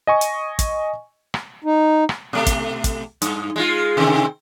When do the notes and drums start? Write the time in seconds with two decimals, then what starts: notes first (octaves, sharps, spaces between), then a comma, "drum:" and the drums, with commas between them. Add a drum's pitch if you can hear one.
0.07 D#5 G#5 C#6
0.21 drum: hi-hat
0.59 drum: kick, hi-hat
1.34 drum: rim click
1.64 D#4
2.09 drum: rim click
2.33 B2 A3
2.46 drum: kick, hi-hat
2.84 drum: kick, hi-hat
3.22 G2, drum: hi-hat
3.56 G#3 D#4 F4
3.97 C3 D#3 C4